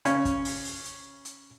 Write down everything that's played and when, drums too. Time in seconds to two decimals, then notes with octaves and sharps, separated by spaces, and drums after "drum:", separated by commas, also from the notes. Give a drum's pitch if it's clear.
0.05 C#3 C#4, drum: hi-hat
0.25 drum: kick, hi-hat
0.45 drum: open hi-hat
0.65 drum: open hi-hat
0.85 drum: hi-hat
1.25 drum: hi-hat